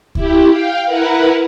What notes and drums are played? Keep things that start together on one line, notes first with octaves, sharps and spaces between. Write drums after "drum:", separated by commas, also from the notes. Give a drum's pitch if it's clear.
E4 G4, drum: kick C#2
F5 G5
E4 A#4 B4 F#5